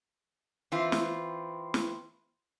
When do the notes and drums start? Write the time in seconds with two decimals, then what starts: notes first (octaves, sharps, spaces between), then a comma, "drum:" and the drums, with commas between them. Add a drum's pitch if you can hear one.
0.72 E3 C4 F4
0.92 drum: snare
1.74 drum: snare